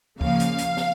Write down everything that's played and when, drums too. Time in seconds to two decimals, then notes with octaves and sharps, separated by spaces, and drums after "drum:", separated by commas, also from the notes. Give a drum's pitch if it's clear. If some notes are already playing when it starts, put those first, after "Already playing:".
0.21 C#3 F3 A#3 F5, drum: kick C#2
0.40 drum: hi-hat
0.58 drum: hi-hat
0.77 drum: snare